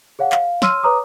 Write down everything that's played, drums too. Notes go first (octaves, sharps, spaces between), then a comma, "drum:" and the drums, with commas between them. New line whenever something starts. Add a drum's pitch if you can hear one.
G#4 C#5 F5 F#5
F5, drum: clap
C#5 C6 E6 F6 D#7, drum: snare
B4 C#5 A#5 D6 D#6